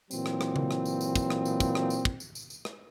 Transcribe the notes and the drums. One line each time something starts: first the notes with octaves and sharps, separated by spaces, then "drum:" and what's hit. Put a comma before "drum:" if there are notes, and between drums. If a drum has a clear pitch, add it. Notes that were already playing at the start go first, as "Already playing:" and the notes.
A#2 E3 F#3 C4, drum: tambourine
drum: rim click
drum: rim click
drum: tom C#3
drum: rim click
drum: tambourine
drum: tambourine
drum: kick, tambourine
drum: rim click
drum: tambourine
drum: kick, tambourine
drum: rim click
drum: tambourine
drum: kick
drum: tambourine
drum: tambourine
drum: tambourine
drum: rim click